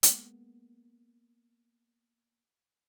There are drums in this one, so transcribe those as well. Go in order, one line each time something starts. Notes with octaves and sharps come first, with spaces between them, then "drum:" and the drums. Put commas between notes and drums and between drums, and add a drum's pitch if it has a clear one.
G#3 A#3 B3, drum: hi-hat